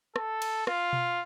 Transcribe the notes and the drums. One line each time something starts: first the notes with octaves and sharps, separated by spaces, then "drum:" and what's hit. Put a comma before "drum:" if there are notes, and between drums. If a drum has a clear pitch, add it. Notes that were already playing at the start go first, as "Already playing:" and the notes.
A4, drum: rim click
drum: cymbal
F4, drum: rim click
drum: tom B2